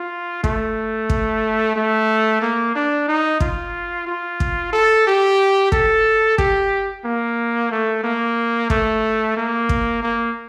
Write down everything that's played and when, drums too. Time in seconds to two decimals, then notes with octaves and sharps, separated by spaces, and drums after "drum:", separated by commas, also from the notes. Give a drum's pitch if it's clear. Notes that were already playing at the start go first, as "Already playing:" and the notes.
Already playing: F4
0.44 A3, drum: kick
1.10 drum: kick
1.76 A3
2.42 A#3
2.76 D4
3.08 D#4
3.40 F4, drum: kick
4.07 F4
4.40 drum: kick
4.73 A4
5.07 G4
5.72 A4, drum: kick
6.38 G4, drum: kick
7.05 A#3
7.71 A3
8.03 A#3
8.70 A3, drum: kick
9.37 A#3
9.69 drum: kick
10.03 A#3